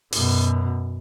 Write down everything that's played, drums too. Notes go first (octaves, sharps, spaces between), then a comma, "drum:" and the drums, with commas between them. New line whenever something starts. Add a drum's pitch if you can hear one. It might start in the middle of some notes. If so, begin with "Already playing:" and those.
F#2 B2, drum: open hi-hat